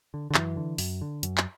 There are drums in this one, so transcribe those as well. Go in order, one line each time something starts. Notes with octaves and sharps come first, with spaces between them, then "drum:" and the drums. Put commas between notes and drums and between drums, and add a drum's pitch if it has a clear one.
D3
D3
F#2 E3, drum: clap
D3
F#2, drum: open hi-hat
D3
F#2, drum: hi-hat
drum: clap